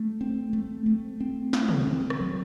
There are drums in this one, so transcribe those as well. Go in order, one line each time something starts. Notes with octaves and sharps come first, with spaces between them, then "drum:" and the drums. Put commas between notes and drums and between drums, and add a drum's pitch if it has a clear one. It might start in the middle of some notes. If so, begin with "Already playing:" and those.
Already playing: A3
C4
A3
A3
C4
C4, drum: snare
drum: tom
C4
drum: rim click
F#3